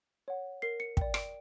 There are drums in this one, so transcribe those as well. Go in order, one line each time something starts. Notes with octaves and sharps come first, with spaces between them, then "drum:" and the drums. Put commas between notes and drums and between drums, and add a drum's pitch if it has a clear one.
C#5 F#5
A#4 C7
C#7
D5 G5, drum: kick
D7, drum: rim click